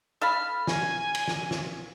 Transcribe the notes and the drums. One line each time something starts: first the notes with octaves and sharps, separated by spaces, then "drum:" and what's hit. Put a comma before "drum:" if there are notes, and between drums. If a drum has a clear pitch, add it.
A4 F5 B5 F6
G#5, drum: snare
drum: cymbal
drum: snare
drum: snare